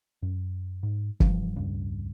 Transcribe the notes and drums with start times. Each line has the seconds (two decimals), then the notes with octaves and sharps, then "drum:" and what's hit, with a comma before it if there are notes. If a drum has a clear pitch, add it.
0.22 F#2
0.83 G#2
1.20 G2 C#3 E3 F3, drum: kick
1.56 E1 C#2 G2